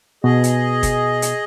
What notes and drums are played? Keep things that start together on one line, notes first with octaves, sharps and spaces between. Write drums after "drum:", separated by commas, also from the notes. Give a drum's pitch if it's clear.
B2 G#4 D#5
drum: hi-hat
drum: kick, hi-hat
drum: hi-hat